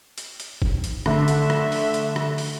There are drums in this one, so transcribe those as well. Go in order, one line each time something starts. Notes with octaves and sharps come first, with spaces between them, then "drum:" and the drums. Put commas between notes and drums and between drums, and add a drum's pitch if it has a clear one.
drum: hi-hat
drum: hi-hat
drum: kick G1
drum: hi-hat
D3 A3 E5, drum: rim click
drum: hi-hat
drum: rim click
drum: open hi-hat
drum: hi-hat
drum: rim click
drum: open hi-hat